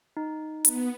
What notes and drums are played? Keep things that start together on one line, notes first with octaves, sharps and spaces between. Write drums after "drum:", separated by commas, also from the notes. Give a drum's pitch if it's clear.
D#4
B3, drum: hi-hat